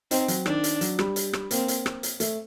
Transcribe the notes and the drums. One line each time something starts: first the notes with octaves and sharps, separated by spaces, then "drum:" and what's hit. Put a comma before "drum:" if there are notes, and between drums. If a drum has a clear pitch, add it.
C4 D#4, drum: hi-hat
F#3, drum: hi-hat
D#3 D4, drum: rim click
drum: hi-hat
F#3, drum: hi-hat
G3, drum: rim click
drum: hi-hat
drum: rim click
A#3 C4, drum: hi-hat
drum: hi-hat
drum: rim click
drum: hi-hat
A3, drum: hi-hat